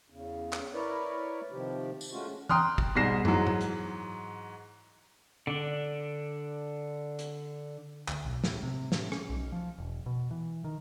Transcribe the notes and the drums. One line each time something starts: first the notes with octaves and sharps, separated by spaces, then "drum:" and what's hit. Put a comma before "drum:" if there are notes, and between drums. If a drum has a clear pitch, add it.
E2 C#3
drum: clap
E4 A#4 B4 C#5 D5
C3 D#3 F3 G4
drum: tambourine
G#3 A3 C#4 F4 F#4
G5 A#5 C6 D#6 F6 F#6, drum: tom E3
drum: kick
G#2 B2 G3 A#6 C7 E7
G#2 E3 F#3, drum: tom
drum: tom G#2
drum: hi-hat
D3 D4
drum: hi-hat
D2, drum: clap
B1
A2, drum: snare
C3
A2, drum: snare
C#4, drum: rim click
B1
F3
E1
B2
E3
D#3